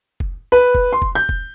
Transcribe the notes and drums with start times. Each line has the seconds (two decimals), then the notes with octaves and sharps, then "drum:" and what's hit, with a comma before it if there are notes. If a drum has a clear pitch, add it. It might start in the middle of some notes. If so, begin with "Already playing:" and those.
0.20 drum: kick F1
0.52 B4
0.75 drum: kick F1
0.93 C6
1.02 drum: kick F1
1.15 G6
1.29 drum: kick F1